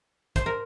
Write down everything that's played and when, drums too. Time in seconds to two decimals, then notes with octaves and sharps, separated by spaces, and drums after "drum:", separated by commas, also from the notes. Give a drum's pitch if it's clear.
0.36 C5, drum: kick, hi-hat
0.46 A#4